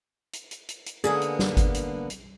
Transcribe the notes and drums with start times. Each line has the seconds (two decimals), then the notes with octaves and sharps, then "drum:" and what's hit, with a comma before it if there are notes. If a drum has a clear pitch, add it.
0.33 drum: hi-hat
0.51 drum: hi-hat
0.69 drum: hi-hat
0.86 drum: hi-hat
1.04 D3 A#3 B3 G#4
1.22 drum: hi-hat
1.39 drum: snare
1.57 drum: kick G1, hi-hat
1.74 drum: hi-hat
2.10 drum: hi-hat